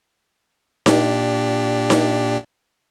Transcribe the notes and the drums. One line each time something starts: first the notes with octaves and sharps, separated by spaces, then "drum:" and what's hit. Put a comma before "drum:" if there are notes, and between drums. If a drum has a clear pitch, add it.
A#2 D4 G4, drum: snare D#4
drum: snare D#4